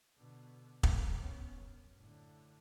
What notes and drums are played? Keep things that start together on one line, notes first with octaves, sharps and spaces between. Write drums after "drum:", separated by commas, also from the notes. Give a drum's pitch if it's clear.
B2 D3
G2 A#3, drum: kick
B3 C#4
F#2
A2 D3